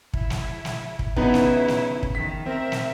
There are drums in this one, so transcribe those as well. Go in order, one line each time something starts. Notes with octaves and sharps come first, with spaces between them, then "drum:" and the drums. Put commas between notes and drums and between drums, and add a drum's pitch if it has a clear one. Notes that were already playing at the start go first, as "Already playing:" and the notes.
E4, drum: kick
drum: snare
drum: snare
drum: kick
C#3 B3 D#4 E4 B4, drum: kick
drum: snare
drum: snare
drum: kick
D#3 B6
C4 A#4 E5
drum: snare